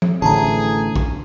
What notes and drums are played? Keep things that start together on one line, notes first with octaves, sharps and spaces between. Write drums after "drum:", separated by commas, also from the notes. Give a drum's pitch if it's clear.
drum: tom F3
A1 A2 D3 G#4 C5 A5 A#5
drum: kick